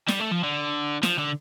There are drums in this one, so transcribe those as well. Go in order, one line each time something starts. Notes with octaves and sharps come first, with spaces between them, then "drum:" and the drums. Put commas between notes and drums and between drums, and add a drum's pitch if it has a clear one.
G3, drum: snare
A3
F3
D3
F3, drum: snare
D3